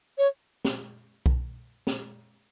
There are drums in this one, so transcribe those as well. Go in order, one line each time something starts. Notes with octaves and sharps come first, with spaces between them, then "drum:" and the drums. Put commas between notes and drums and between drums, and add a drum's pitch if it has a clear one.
C#5
drum: snare
drum: kick B1
drum: snare